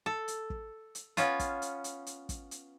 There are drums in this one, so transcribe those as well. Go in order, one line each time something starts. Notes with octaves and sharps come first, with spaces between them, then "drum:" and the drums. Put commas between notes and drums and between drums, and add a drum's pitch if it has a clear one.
A4
drum: hi-hat
drum: kick
drum: hi-hat
B3 C#4 F4, drum: hi-hat
drum: kick, hi-hat
drum: hi-hat
drum: hi-hat
drum: hi-hat
drum: kick, hi-hat
drum: hi-hat